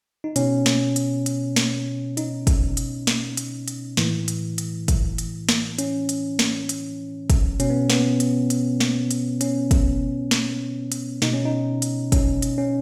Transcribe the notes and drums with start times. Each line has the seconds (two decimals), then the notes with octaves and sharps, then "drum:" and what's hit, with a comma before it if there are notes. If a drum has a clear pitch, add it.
0.24 D#4
0.36 B2 C#4, drum: hi-hat
0.66 drum: snare
0.96 drum: hi-hat
1.26 drum: hi-hat
1.56 drum: snare
2.17 D#4, drum: hi-hat
2.47 drum: kick, hi-hat
2.77 drum: hi-hat
3.07 drum: snare
3.37 drum: hi-hat
3.68 drum: hi-hat
3.97 A2 E3, drum: snare
4.28 drum: hi-hat
4.58 drum: hi-hat
4.88 drum: kick, hi-hat
5.18 drum: hi-hat
5.49 drum: snare
5.79 C#4, drum: hi-hat
6.09 drum: hi-hat
6.39 drum: snare
6.69 drum: hi-hat
7.30 drum: kick, hi-hat
7.60 B2 C#4, drum: hi-hat
7.70 B3
7.90 B3, drum: snare
8.20 drum: hi-hat
8.50 drum: hi-hat
8.80 drum: snare
9.11 drum: hi-hat
9.41 C#4, drum: hi-hat
9.71 drum: kick, hi-hat
10.31 drum: snare
10.92 drum: hi-hat
11.22 B2 D#4, drum: snare
11.33 C#4
11.45 D#4
11.82 drum: hi-hat
12.12 C#4, drum: kick, hi-hat
12.42 drum: hi-hat
12.58 C#4